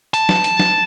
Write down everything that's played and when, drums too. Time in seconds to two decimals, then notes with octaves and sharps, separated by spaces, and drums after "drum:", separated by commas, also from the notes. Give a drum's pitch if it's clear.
0.14 A5, drum: hi-hat
0.29 drum: snare
0.44 drum: hi-hat
0.59 drum: snare